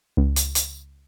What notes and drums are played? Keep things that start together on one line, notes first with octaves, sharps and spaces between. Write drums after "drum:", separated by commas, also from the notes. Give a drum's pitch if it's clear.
C#2
drum: hi-hat
drum: hi-hat